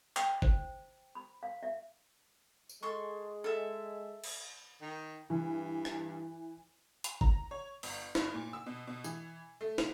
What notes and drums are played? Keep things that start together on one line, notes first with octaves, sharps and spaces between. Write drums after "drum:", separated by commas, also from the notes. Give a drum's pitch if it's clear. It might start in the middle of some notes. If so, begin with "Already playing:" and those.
G5, drum: clap
C5, drum: kick G1
B5
F5
E5
drum: tambourine
G#3 A4 C6 C#6
A4 E5
drum: cymbal
D#3
G2 E3
drum: rim click
drum: hi-hat
A#5, drum: kick G1
C#5
G1, drum: open hi-hat
G2, drum: snare
A#2
E6
B2
B2
E3, drum: tambourine
A3
F7, drum: snare